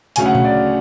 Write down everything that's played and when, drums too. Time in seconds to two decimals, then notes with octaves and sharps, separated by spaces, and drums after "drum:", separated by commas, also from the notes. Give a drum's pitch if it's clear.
0.16 D2 C#3 F#3 A3 C#4 G#5, drum: hi-hat
0.26 F#5
0.35 drum: tom A#2
0.45 D5